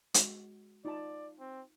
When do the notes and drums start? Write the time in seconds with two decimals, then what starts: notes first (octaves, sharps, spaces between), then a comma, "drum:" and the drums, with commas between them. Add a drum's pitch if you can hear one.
0.14 G#3 F#4, drum: hi-hat
0.85 D#4 F4 D5 A5
1.40 C4